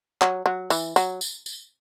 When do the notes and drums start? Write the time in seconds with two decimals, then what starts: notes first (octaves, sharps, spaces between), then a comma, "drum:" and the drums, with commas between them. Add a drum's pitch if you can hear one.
0.21 F#3, drum: clap
0.46 F#3
0.70 E3, drum: tambourine
0.96 F#3, drum: tambourine
1.21 drum: tambourine
1.46 drum: tambourine